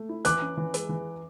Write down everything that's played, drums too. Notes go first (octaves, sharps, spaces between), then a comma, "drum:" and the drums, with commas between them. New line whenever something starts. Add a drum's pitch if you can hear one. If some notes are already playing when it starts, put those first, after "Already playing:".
Already playing: A3
E4
E3 D6 F#6, drum: hi-hat
C#4
E3
G#3, drum: hi-hat
E3